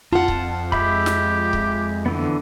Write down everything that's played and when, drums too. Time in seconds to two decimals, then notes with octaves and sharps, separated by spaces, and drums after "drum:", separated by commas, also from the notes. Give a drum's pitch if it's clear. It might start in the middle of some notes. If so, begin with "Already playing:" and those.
0.13 F2 F4 F#5 A5
0.28 drum: kick C#1
0.72 G#3 G4 E5 B5, drum: kick C#1
1.06 drum: snare
1.53 drum: kick C#1
2.06 D3 E3 B3